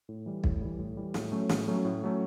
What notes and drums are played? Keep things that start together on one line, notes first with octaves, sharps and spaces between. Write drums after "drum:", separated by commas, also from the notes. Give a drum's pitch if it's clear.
A2
E3 G3
A2, drum: kick
E3 G3
A2
E3 G3
A2, drum: snare
F#3 A3 C#4
A2, drum: snare
F#3 A3 C#4
A2
F#3 A3 C#4